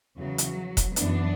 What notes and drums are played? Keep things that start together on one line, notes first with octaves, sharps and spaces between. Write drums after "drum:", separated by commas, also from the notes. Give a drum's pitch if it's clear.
E2 C#3 E3 F#3
drum: hi-hat
drum: kick E1, hi-hat
F#2 E3 B3 D4, drum: hi-hat